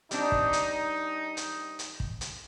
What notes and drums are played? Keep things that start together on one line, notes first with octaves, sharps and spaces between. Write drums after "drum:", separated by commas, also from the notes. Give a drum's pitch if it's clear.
G3 C4 D4 D#4, drum: hi-hat
drum: kick
drum: hi-hat
drum: hi-hat
drum: hi-hat
drum: kick
drum: hi-hat